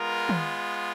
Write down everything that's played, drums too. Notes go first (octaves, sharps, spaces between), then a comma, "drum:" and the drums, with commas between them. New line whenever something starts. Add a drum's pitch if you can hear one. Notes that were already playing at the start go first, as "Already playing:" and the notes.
Already playing: G#3 B3 F4 A#4
drum: tom D#3